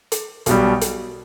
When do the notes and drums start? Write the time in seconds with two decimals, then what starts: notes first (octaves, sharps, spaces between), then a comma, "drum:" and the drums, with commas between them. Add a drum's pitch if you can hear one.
0.12 drum: hi-hat
0.46 B1 B2 G3, drum: hi-hat
0.81 drum: hi-hat